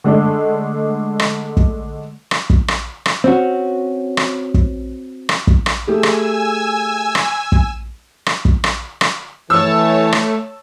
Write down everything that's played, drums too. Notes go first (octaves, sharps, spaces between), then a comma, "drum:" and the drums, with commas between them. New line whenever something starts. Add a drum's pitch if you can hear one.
D3 G#3 A3 D4
drum: rim click
drum: kick
drum: rim click
drum: kick
drum: rim click
drum: rim click
C4 C#4 F#4
drum: rim click
drum: kick
drum: rim click
drum: kick
drum: rim click
A3 G4 G#4 G#5 E6
drum: rim click
drum: rim click
drum: kick
drum: rim click
drum: kick
drum: rim click
drum: rim click
E3 A3 C#5 A5 E6
drum: rim click